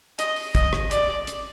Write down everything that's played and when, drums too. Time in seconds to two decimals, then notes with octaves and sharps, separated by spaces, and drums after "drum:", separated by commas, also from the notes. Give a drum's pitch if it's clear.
0.19 D#5, drum: hi-hat
0.36 drum: open hi-hat
0.55 D#5, drum: kick, hi-hat
0.73 drum: rim click
0.91 D5, drum: hi-hat
1.27 drum: hi-hat